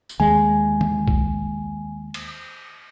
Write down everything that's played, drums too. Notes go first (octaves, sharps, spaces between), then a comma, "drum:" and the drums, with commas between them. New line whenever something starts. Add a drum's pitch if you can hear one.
drum: tambourine
D#2 G#3 G#5
drum: tom
drum: kick
drum: cymbal